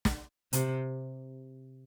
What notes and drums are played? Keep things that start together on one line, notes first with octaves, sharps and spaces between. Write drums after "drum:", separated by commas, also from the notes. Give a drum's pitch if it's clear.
drum: snare
C3, drum: hi-hat